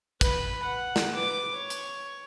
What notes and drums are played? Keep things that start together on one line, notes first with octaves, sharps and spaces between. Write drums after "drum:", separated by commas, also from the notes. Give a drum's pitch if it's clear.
B4 B5, drum: kick, hi-hat
F#5
drum: snare
B4 D6
C#5
drum: hi-hat